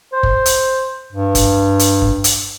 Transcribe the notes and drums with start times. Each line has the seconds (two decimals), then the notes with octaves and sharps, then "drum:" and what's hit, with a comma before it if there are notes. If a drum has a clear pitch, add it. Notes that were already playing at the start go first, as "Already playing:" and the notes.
0.13 C5
0.23 drum: kick
0.46 drum: hi-hat
1.12 G2
1.35 drum: kick, hi-hat
1.79 drum: hi-hat
2.02 drum: kick
2.24 drum: hi-hat